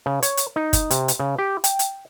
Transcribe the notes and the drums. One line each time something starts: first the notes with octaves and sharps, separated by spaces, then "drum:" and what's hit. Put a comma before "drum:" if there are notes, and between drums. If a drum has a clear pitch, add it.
C#3
C#5, drum: hi-hat
drum: hi-hat
D#4
drum: kick F#1, hi-hat
C3, drum: hi-hat
drum: hi-hat
C#3
G4
G5, drum: hi-hat
drum: hi-hat